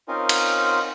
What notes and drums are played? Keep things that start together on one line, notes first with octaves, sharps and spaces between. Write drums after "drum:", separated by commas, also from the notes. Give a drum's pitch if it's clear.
C4 C#4 D#4 F4 A#4
drum: cymbal